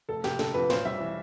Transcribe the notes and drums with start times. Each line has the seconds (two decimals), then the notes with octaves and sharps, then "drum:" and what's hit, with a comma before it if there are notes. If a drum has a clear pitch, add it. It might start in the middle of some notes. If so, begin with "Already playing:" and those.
0.09 F1 A4
0.24 F1 G4, drum: snare
0.39 D3 A4, drum: snare
0.54 F2 B4
0.70 B1 C5, drum: snare
0.85 G3 E5
1.00 E3